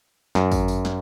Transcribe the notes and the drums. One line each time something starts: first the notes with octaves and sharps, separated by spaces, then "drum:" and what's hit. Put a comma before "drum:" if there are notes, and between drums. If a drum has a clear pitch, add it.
F#2, drum: snare
drum: kick, tambourine
drum: tambourine
drum: snare